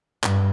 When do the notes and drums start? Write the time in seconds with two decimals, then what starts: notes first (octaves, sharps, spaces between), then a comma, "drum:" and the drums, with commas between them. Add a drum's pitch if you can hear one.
0.24 G2, drum: clap